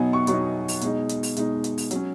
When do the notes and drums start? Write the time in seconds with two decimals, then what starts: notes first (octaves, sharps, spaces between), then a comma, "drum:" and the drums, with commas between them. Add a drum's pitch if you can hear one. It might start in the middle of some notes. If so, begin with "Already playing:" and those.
Already playing: B2 F#3 B3 D#4 F#5 G#5
0.13 C#6
0.27 B2 F#3 B3 D#4 C#6, drum: hi-hat
0.68 drum: open hi-hat
0.81 B2 G#3 D#4, drum: hi-hat
1.09 drum: hi-hat
1.23 drum: open hi-hat
1.37 B2 G#3 D#4, drum: hi-hat
1.64 drum: hi-hat
1.78 drum: open hi-hat
1.91 F#3 C#4, drum: hi-hat